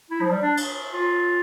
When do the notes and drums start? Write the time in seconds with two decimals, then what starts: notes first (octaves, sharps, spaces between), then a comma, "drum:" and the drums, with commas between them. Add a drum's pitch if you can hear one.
0.10 E4
0.21 F3
0.31 G3
0.42 D4
0.57 drum: cymbal
0.94 F4